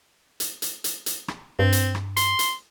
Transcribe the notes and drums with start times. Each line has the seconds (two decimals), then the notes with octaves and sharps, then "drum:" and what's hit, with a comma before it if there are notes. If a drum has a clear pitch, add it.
0.40 drum: hi-hat
0.62 drum: hi-hat
0.84 drum: hi-hat
1.06 drum: hi-hat
1.28 drum: rim click
1.59 G2 C4
1.72 drum: hi-hat
1.95 drum: rim click
2.17 C6, drum: hi-hat
2.39 drum: hi-hat